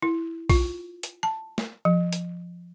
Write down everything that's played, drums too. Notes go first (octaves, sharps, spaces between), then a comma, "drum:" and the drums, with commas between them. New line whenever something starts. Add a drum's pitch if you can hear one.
E4
F4, drum: kick B1, open hi-hat
drum: hi-hat
A5
drum: snare
F3
drum: hi-hat